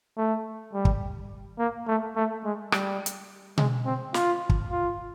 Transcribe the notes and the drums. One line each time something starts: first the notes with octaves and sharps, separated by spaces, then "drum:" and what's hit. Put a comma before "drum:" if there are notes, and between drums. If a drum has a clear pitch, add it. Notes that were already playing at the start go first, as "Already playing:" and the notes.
A3
G3
drum: kick
A#3
A3
A3
G#3
G3, drum: rim click
drum: hi-hat
G#3, drum: tom B2
C4
F4, drum: snare
drum: kick
F4